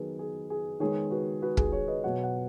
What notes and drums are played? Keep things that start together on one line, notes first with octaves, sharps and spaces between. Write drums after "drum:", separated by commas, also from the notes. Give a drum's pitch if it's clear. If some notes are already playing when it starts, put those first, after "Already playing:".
Already playing: D#3 F#3 B3 G#4
G#4
G#4
D#3 G#3 B3 G#4 C#5
F#4 B4
F#4 B4
G#4, drum: kick
G#4 C#5
B4 D#5
B2 F#3 B3 C#5 F#5
F#5